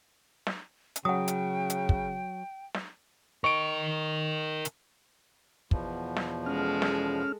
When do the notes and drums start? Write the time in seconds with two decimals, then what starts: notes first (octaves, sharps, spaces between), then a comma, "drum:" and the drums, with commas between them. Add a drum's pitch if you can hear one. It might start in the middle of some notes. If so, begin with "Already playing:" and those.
0.47 drum: snare
0.96 drum: hi-hat
1.05 C#3 F#3 F#5 G5 D#6
1.28 drum: hi-hat
1.70 drum: hi-hat
1.89 drum: kick
2.74 drum: snare
3.44 A#4 D#5 C#6 D7
4.65 drum: hi-hat
5.71 E2 B2 F3, drum: kick
6.17 drum: snare
6.46 G#3 C#4 A4 F6
6.82 drum: snare